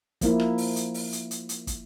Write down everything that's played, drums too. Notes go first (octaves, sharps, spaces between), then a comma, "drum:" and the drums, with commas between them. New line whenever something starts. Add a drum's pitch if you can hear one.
F3 A#3 E4, drum: kick, hi-hat
drum: rim click
drum: open hi-hat
drum: hi-hat
drum: open hi-hat
drum: hi-hat
drum: hi-hat
drum: hi-hat
drum: kick, hi-hat